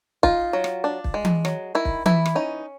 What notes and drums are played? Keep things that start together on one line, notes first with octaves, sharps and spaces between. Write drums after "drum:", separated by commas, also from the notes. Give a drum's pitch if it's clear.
D#4 F4, drum: kick
F#3
drum: rim click
D4
drum: kick
G#3
drum: tom E3
F#3, drum: rim click
D#3 E4
drum: kick
E3 E4, drum: tom E3
drum: rim click
C#4 D#4